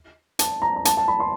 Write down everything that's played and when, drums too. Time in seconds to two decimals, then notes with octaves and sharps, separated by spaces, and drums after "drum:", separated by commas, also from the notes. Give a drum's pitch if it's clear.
0.39 A5, drum: hi-hat
0.62 A#5
0.76 A#5
0.85 A5, drum: hi-hat
0.97 A5
1.08 B5
1.20 C6